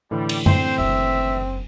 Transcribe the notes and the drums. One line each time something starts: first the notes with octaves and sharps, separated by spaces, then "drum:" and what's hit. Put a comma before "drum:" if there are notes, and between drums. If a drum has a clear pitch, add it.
A2 D3 E3 G3
drum: cymbal
C4 C5, drum: tom F#2
F#1 F#2 E5